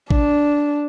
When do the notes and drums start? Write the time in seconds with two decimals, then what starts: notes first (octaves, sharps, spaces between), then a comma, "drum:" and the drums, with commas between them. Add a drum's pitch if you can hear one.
0.11 D4, drum: kick A1